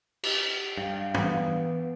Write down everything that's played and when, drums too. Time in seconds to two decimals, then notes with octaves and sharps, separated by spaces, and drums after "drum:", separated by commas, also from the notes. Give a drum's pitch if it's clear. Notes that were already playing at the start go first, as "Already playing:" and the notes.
0.24 G4, drum: cymbal
0.78 G2 F5
1.14 E3 B3, drum: tom